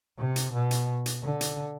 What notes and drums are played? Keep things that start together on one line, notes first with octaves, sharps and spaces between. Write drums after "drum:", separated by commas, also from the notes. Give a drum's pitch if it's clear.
C3
drum: hi-hat
B2
drum: hi-hat
drum: hi-hat
D3
drum: hi-hat